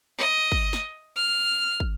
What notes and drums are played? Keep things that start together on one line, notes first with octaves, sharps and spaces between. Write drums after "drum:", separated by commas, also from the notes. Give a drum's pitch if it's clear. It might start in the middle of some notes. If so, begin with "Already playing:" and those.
D#5
drum: kick
drum: snare
F6
drum: kick